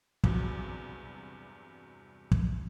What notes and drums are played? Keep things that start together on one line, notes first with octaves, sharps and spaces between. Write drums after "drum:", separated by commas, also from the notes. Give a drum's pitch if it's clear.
E2 G2 C3 F#3, drum: kick
drum: kick